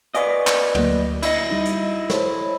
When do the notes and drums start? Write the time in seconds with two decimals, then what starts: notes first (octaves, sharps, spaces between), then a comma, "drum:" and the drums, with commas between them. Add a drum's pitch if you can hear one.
0.15 B4 D5 D#5 F5 G#5 C#6, drum: hi-hat
0.47 drum: clap
0.75 D2 F#3 A#3, drum: tom
1.23 E4 D#5, drum: cymbal
1.50 G3 D#4
1.65 drum: hi-hat
2.10 A4 C5 C#5, drum: snare